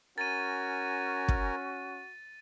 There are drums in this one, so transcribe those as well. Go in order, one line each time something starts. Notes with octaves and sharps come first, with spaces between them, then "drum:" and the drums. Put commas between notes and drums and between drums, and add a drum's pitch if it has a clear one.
C#4 F#4 A#4 G#5 A6 D#7
drum: kick